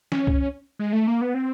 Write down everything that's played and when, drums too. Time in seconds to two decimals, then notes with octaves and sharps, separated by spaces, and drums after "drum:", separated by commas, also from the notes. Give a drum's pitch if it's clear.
0.12 C#4, drum: snare
0.27 drum: kick C#2
0.79 G#3
0.93 A3
1.07 A#3
1.21 B3
1.34 C4